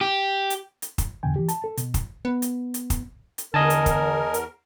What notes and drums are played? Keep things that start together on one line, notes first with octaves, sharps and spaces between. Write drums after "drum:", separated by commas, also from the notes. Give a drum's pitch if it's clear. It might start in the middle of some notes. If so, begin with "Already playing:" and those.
G4
drum: hi-hat
drum: hi-hat
drum: kick, hi-hat
E2 G2 B2 D3 G5 G#5
E3 G4
A5, drum: hi-hat
A4
B2, drum: hi-hat
drum: kick, hi-hat
B3
drum: hi-hat
drum: hi-hat
drum: kick, hi-hat
drum: hi-hat
E2 D3 A#4 D#5 G#5 A5
drum: hi-hat
drum: kick, hi-hat
drum: hi-hat